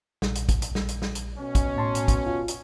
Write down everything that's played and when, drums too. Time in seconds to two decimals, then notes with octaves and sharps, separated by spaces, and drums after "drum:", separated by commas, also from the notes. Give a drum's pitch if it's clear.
0.22 A#1, drum: snare
0.35 drum: hi-hat
0.49 drum: kick, hi-hat
0.62 drum: hi-hat
0.75 drum: snare
0.89 drum: hi-hat
1.02 drum: snare
1.15 drum: hi-hat
1.37 B2 C#4
1.55 drum: kick, hi-hat
1.77 A2 A5 C6
1.95 drum: hi-hat
2.08 drum: kick, hi-hat
2.26 F4
2.48 drum: hi-hat